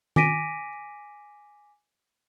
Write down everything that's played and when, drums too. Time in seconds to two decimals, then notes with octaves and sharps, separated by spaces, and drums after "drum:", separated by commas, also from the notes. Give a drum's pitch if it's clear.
0.16 G#5 D6 A#6 B6 D7 D#7, drum: tom D#3